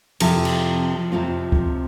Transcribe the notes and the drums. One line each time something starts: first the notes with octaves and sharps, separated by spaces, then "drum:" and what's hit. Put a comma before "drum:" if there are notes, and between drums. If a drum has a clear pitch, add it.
F2 C3 F3 C4 F4, drum: cymbal
drum: cymbal
F2 C3 F3 C4 F4
drum: kick C#2